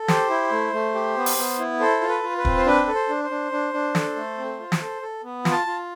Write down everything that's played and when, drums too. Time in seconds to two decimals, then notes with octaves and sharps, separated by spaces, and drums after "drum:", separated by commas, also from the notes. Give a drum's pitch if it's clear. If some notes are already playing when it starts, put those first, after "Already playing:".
Already playing: A4
0.08 G4 C5, drum: snare
0.30 E4
0.51 A3
0.73 A3
0.94 G4
1.16 B3
1.26 drum: open hi-hat
1.37 B3
1.59 E4
1.80 A4 C5
2.01 F4
2.09 B4
2.23 F4
2.37 B4
2.45 C4, drum: kick
2.57 C5
2.66 D4 B4
2.87 A4
2.95 C5
3.09 D4
3.23 C5
3.30 D4
3.52 D4
3.73 D4
3.95 A4, drum: snare
4.16 A3
4.38 C4
4.59 F4
4.72 drum: snare
4.81 A4
5.02 A4
5.24 B3
5.45 F4, drum: snare
5.52 A5
5.66 F4